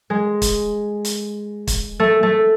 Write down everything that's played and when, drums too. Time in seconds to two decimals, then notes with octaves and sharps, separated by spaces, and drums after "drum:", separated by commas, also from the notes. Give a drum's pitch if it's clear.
0.10 G#3
0.42 drum: kick, hi-hat
1.05 drum: hi-hat
1.67 drum: kick, hi-hat
2.00 A3
2.23 A3